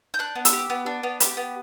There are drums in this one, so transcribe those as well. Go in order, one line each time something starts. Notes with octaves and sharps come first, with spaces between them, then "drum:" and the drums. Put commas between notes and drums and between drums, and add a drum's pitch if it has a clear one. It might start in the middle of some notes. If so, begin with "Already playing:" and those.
G6
D4 F#6
B3
E6, drum: hi-hat
G4
B3
D4
B3
G4, drum: hi-hat
B3